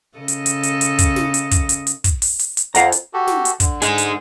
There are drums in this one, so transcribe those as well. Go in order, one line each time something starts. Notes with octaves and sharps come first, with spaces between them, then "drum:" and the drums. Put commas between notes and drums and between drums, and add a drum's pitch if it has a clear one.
C#3 A4 D#5
drum: hi-hat
drum: hi-hat
drum: hi-hat
drum: hi-hat
drum: kick, hi-hat
drum: snare
drum: hi-hat
drum: kick, hi-hat
drum: hi-hat
drum: hi-hat
drum: kick, hi-hat
drum: open hi-hat
drum: hi-hat
drum: hi-hat
F2 F5 F#5 A#5, drum: hi-hat
drum: hi-hat
F#4 G4 A4
drum: snare
drum: hi-hat
D3, drum: kick, hi-hat
D#4 G#4, drum: hi-hat
drum: hi-hat